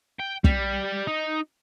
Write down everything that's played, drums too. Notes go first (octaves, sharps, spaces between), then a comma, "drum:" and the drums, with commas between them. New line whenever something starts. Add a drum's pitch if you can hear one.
G5
G3, drum: kick
D#4